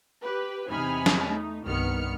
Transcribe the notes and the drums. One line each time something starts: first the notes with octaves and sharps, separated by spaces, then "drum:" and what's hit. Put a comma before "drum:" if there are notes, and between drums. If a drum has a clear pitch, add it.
G4 B4
E2 C3 D#4 G#5 B5 F6
drum: snare
A3 D#4
C2 G2 D#3 B3 F6 C#7